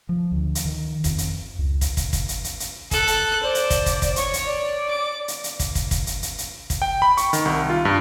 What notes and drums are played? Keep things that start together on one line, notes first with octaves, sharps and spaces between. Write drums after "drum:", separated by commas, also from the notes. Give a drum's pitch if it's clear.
F3
D2
drum: hi-hat
D#3
F2, drum: kick, hi-hat
drum: hi-hat
C#2
drum: kick, hi-hat
drum: kick, hi-hat
drum: kick, hi-hat
drum: hi-hat
drum: hi-hat
drum: hi-hat
A4 F#6, drum: kick, hi-hat
drum: hi-hat
C5 D5
drum: hi-hat
drum: kick, hi-hat
drum: kick, hi-hat
drum: kick, hi-hat
C#5 C#6, drum: hi-hat
drum: hi-hat
D5
D6
drum: hi-hat
drum: hi-hat
drum: kick, hi-hat
drum: kick, hi-hat
drum: kick, hi-hat
drum: hi-hat
drum: hi-hat
drum: hi-hat
drum: kick, hi-hat
G5
B5
C#6, drum: hi-hat
D#3, drum: hi-hat
C2
F4
G2